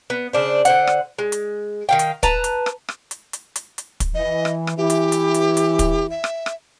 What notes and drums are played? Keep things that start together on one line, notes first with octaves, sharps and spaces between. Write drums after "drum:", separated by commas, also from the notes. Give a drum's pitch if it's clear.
B3
C#3 D4 C5
D3 C5 F#5, drum: hi-hat
drum: rim click
G#3
drum: hi-hat
D#3 F5 G5
drum: hi-hat
B4 A5 A#5, drum: kick, hi-hat
drum: hi-hat
drum: rim click
drum: rim click
drum: hi-hat
drum: hi-hat
drum: hi-hat
drum: hi-hat
drum: kick, hi-hat
E3 D#5
drum: rim click
drum: rim click
E3 E4 G4
drum: hi-hat
drum: hi-hat
drum: hi-hat
drum: hi-hat
drum: kick, hi-hat
E5
drum: rim click
drum: rim click